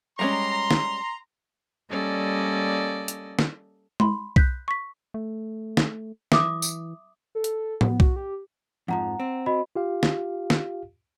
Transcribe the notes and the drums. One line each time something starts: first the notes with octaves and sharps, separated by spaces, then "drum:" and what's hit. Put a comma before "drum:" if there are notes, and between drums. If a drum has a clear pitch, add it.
G3 G#3 C#4 A#5 C6
drum: snare
G3 A#3 C#4 A4 D5 D#5
drum: hi-hat
drum: snare
B5 C6, drum: tom G#3
F#6 G6 B6, drum: kick B1
C#6 B6
A3
drum: snare
E3 E5 D6 D#6, drum: snare
drum: tambourine
A4
drum: hi-hat
B3, drum: tom
F#4, drum: kick B1
G4
F2 G#2 F3 F#5 A#5
C4
F#4 D#5 B5
F4 G4 F5
drum: snare
drum: snare